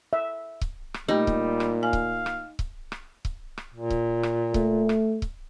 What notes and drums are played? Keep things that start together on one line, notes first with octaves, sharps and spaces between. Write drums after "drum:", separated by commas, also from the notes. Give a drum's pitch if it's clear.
E5
drum: kick C#1
drum: rim click
A#2 G3 A3 D#4 G4
drum: kick C#1
drum: rim click
F5 G#5
drum: kick C#1
drum: rim click
drum: kick C#1
drum: rim click
drum: kick C#1
drum: rim click
A#2
drum: kick C#1
drum: rim click
A3, drum: kick C#1
drum: rim click
drum: kick C#1